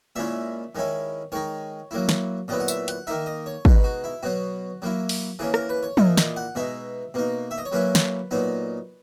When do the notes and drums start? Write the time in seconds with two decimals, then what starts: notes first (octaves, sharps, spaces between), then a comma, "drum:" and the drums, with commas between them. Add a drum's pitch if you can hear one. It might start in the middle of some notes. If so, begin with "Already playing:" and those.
0.16 A#2 G#3 C#4 E4 E5
0.75 D#3 G#3 C#4 E4
1.32 D#3 G#3 D#4 C#5
1.91 F#3 A#3 E4
2.09 drum: snare
2.48 A#2 F#3 B3 E4 D#5
2.60 F#5
2.68 E5, drum: tambourine
2.88 F#5, drum: hi-hat
3.07 D#3 A#3 D#4 E5
3.26 D#5
3.46 C#5
3.65 B2 G#3 D#4 B4, drum: kick
3.84 F#4
4.04 E4
4.23 B2 F#3 B3 F#4
4.82 F#3 A#3 E4
5.09 drum: open hi-hat
5.39 E3 A#3 C#4 G#4
5.54 A#4, drum: rim click
5.69 B4
5.83 C#5
5.97 A#2 A#3 E4 D#5, drum: tom
6.17 D#5, drum: snare
6.36 F#5
6.55 B2 G#3 D#4 E5
7.14 B2 A#3 D#4
7.51 E5
7.58 D#5
7.65 C#5
7.72 F#3 A#3 C#4 E4 B4
7.95 drum: snare
8.31 A#2 F#3 B3 D#4